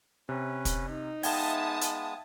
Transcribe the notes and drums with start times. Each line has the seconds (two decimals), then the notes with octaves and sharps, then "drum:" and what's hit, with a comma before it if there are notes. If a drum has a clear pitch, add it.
0.29 C3 C#4 B4
0.65 drum: kick, hi-hat
0.88 D#4
1.23 G#3 B3 E5 F5 G5 A5 D#6 G#6, drum: open hi-hat
1.81 drum: hi-hat